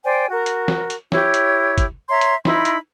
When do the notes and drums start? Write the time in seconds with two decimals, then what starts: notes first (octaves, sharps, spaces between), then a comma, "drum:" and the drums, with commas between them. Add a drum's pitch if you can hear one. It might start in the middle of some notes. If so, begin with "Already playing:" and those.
0.04 C5 D5 G5 G#5
0.30 F#4 A#4
0.46 drum: hi-hat
0.68 drum: snare
0.90 drum: hi-hat
1.12 E4 G4 C#5, drum: snare
1.34 drum: hi-hat
1.78 drum: kick, hi-hat
2.09 C#5 E5 A#5 C6
2.21 drum: hi-hat
2.45 D#4 E4 B5 C6, drum: snare
2.65 drum: hi-hat